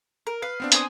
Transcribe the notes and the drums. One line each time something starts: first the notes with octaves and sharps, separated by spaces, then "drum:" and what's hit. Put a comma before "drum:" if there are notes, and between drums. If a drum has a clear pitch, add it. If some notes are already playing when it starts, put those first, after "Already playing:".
A#4
B4 F5
B3 C4 D4
C5 G#5 D#6, drum: hi-hat